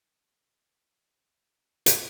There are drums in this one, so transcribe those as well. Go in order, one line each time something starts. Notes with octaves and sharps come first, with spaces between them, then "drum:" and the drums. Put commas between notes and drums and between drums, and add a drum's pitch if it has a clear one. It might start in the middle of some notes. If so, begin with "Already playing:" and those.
F3 B3
drum: hi-hat